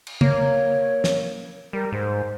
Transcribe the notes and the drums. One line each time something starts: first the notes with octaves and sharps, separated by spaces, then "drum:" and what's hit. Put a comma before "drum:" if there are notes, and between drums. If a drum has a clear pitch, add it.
drum: cymbal
A#3 C#5, drum: tom C#3
drum: snare
G3 A#4
G#2 C5